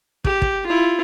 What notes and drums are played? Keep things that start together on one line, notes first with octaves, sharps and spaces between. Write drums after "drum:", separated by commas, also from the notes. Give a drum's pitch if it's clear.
G4, drum: kick
drum: kick
E4 F4